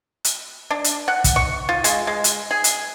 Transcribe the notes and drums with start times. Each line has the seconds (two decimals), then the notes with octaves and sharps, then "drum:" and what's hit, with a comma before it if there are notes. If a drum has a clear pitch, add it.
0.24 drum: hi-hat
0.70 D4
0.84 drum: hi-hat
1.08 F#5
1.24 drum: kick, hi-hat
1.36 C#6
1.69 F4
1.84 G#3, drum: hi-hat
2.07 G#3
2.24 drum: hi-hat
2.51 G#4
2.64 drum: hi-hat